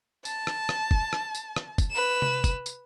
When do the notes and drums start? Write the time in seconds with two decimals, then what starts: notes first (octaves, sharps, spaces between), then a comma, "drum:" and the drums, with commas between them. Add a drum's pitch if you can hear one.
0.25 A5, drum: tambourine
0.47 drum: rim click
0.69 drum: rim click
0.91 drum: kick
1.13 drum: rim click
1.35 drum: tambourine
1.56 drum: rim click
1.78 drum: kick, tambourine
1.91 B4 E7
2.22 drum: tom C3
2.44 drum: kick, tambourine
2.66 drum: tambourine